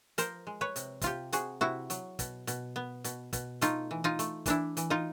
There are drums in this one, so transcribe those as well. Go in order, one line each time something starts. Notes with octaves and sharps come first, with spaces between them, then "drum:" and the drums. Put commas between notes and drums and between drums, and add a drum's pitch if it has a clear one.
F3 A#4 C5, drum: hi-hat
G#3
B4 C#5
C3, drum: hi-hat
C3 F4 G4, drum: kick, hi-hat
C3 F#4 G#4, drum: hi-hat
C3 E4 F#4
F#3, drum: hi-hat
B2, drum: kick, hi-hat
B2, drum: hi-hat
B3
B2, drum: hi-hat
B2, drum: kick, hi-hat
A3 D#4 F4, drum: hi-hat
E3
D#4 F4
A3, drum: hi-hat
E3 D4 E4, drum: kick, hi-hat
E3, drum: hi-hat
D#4 F4